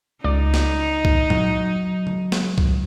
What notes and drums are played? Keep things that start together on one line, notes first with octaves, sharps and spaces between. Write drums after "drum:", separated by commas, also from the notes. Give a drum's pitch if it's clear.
C#2 D#4 D5
drum: snare
drum: kick
F#3, drum: tom A#2
drum: tom C#3
drum: snare
drum: kick